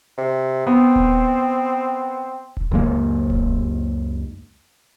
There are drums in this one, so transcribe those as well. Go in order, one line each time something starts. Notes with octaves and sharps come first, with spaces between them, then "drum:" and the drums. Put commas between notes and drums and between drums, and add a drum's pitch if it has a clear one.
C3
B3 C4
drum: kick D#1
drum: kick D#1
C#2 F#2 G#3 A#3
drum: kick D#1